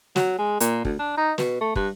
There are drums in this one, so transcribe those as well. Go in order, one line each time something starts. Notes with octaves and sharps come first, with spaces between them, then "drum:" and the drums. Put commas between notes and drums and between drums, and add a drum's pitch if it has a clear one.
F#3, drum: snare
G#3
A#2, drum: hi-hat
D2, drum: kick
D4
D#4
B2, drum: snare
A3
G2, drum: kick